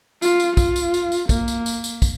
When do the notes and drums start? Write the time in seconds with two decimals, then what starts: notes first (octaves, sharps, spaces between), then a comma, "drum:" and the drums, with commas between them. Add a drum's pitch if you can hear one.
0.22 F4, drum: tambourine
0.40 drum: tambourine
0.57 F4, drum: kick, tambourine
0.76 drum: tambourine
0.94 drum: tambourine
1.12 drum: tambourine
1.29 A#3, drum: kick, tambourine
1.48 drum: tambourine
1.66 drum: tambourine
1.84 drum: tambourine
2.02 drum: kick, tambourine